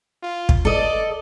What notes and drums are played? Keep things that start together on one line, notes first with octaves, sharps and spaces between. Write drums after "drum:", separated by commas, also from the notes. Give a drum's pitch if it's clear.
F4
drum: kick
A4 D5 D#5